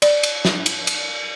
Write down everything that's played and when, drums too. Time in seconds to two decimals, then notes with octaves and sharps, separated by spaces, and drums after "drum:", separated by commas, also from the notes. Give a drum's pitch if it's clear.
0.02 D5, drum: cymbal
0.23 drum: cymbal
0.45 drum: snare
0.66 drum: cymbal
0.87 drum: cymbal